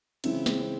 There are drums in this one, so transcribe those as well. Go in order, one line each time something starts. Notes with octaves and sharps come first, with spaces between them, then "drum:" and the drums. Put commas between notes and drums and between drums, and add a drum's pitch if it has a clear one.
C#2 C#3 E3 C4 E4, drum: cymbal
G#3 C4, drum: snare
C4